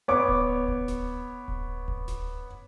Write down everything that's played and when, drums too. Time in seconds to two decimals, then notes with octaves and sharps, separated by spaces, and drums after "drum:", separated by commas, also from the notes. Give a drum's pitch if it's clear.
0.08 B3 C#5 D6
0.28 drum: kick D1
0.68 drum: kick D1
0.88 drum: snare F1
1.48 drum: kick D1
1.88 drum: kick D1
2.08 drum: snare F1